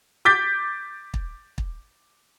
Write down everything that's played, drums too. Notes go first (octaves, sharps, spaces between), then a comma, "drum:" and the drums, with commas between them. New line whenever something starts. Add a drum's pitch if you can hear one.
D6 G6 A6 B6
drum: kick
drum: kick